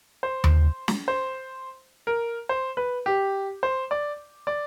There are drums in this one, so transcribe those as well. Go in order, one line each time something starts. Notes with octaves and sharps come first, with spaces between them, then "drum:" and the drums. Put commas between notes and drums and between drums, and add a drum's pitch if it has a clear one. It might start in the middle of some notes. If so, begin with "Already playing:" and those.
C5
drum: tom D#2
drum: snare
C5
A#4
C5
B4
G4
C5
D5
D5